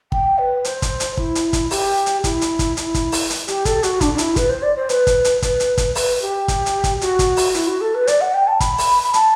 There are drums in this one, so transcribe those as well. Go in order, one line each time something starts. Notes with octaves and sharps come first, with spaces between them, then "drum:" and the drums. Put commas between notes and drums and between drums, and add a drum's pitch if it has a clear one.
G5, drum: kick
B4
C5, drum: hi-hat
drum: kick, hi-hat
drum: hi-hat
E4, drum: kick
drum: hi-hat
drum: kick, hi-hat
G4, drum: open hi-hat
drum: hi-hat
E4, drum: kick, hi-hat
drum: hi-hat
drum: kick, hi-hat
E4, drum: hi-hat
drum: kick, hi-hat
drum: open hi-hat
drum: hi-hat
G4, drum: hi-hat
A4, drum: kick, hi-hat
F#4, drum: hi-hat
D4, drum: kick, hi-hat
D4
E4, drum: hi-hat
B4, drum: kick, hi-hat
C5
D5
C5
B4, drum: hi-hat
drum: kick, hi-hat
drum: hi-hat
B4, drum: kick, hi-hat
drum: hi-hat
drum: kick, hi-hat
B4, drum: open hi-hat
G4
drum: kick, hi-hat
drum: hi-hat
drum: kick, hi-hat
F#4, drum: hi-hat
drum: kick, hi-hat
drum: open hi-hat
E4, drum: hi-hat
F#4
A4
B4
D5, drum: hi-hat
F#5
G5
A5
B5, drum: kick, hi-hat
drum: open hi-hat
B5
A5, drum: hi-hat